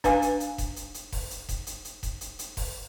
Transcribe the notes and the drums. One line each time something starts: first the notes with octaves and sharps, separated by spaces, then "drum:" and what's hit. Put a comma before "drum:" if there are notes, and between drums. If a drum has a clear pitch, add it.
D4 B4 F5 G#5, drum: kick E1, hi-hat
drum: hi-hat
drum: hi-hat
drum: kick E1, hi-hat
drum: hi-hat
drum: hi-hat
drum: kick E1, open hi-hat
drum: hi-hat
drum: kick E1, hi-hat
drum: hi-hat
drum: hi-hat
drum: kick E1, hi-hat
drum: hi-hat
drum: hi-hat
drum: kick E1, open hi-hat